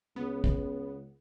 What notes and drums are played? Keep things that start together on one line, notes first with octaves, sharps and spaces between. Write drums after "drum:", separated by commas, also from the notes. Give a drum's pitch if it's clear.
C#2 B3
drum: kick